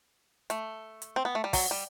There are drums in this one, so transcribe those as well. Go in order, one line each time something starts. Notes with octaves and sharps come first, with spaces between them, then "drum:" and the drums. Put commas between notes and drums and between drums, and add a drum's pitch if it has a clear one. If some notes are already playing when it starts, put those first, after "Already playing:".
A3, drum: hi-hat
drum: hi-hat
C4
B3
A3
G3
F#3, drum: kick, open hi-hat
G3